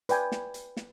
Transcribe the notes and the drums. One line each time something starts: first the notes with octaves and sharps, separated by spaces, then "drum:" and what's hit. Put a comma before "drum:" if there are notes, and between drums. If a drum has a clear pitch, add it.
B4 D5 G5 G#5, drum: hi-hat
drum: snare
drum: hi-hat
drum: snare